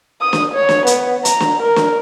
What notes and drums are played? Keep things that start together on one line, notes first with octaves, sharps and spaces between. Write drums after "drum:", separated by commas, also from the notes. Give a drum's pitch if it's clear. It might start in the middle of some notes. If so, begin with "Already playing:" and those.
D#6
drum: snare
C#5
drum: snare
B3, drum: hi-hat
A#5, drum: hi-hat
drum: snare
A#4
drum: snare